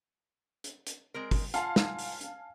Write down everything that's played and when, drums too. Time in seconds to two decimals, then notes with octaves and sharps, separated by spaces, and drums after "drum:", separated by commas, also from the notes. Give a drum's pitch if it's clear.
0.64 drum: hi-hat
0.87 drum: hi-hat
1.14 G#3 C4 A#4
1.31 drum: kick, open hi-hat
1.54 F4 F5 F#5 G#5 A5, drum: hi-hat
1.76 drum: snare
1.99 drum: open hi-hat
2.21 drum: hi-hat